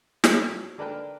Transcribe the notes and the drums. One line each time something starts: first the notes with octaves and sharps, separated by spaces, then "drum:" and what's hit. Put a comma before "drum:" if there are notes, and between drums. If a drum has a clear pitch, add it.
E3 C4 C#4 A4 C#5 E5, drum: snare
F#3
D3 D4 A#4 B4 G5 A5